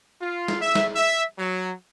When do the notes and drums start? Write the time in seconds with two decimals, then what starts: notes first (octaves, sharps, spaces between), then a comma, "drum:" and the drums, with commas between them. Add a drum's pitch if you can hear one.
0.21 F4
0.48 drum: snare
0.62 E5
0.75 drum: snare
0.95 E5
1.38 F#3